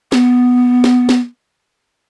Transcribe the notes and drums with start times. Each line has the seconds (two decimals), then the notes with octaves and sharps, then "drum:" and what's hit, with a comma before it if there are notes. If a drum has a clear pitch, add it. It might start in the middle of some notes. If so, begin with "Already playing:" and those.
0.12 B3, drum: snare
0.84 drum: snare
1.09 drum: snare